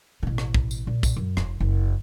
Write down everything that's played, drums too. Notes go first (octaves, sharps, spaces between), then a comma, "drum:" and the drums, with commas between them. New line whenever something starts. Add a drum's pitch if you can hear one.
A1 B2
drum: rim click
drum: kick
drum: tambourine
A#2
drum: kick, tambourine
F#2
F1, drum: rim click
F#1